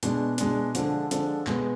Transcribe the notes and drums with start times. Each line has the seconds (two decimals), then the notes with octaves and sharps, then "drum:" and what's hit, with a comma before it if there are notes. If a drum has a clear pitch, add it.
0.03 B2 G#3 D4, drum: hi-hat
0.38 B2 G#3 D4, drum: hi-hat
0.75 D3 F3 G#3 D4 A4, drum: hi-hat
1.11 D3 F3 G#3 D4 A4, drum: hi-hat
1.46 B2 G#3 B3, drum: clap